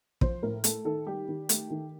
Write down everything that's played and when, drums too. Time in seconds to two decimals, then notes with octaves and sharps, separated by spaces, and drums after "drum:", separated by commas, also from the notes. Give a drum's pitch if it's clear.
0.21 F3 C5, drum: kick
0.43 A2 A#4
0.64 A3 A4, drum: hi-hat
0.85 D#3 A4
1.06 G3 G4
1.28 D#3
1.49 A3, drum: hi-hat
1.70 D#3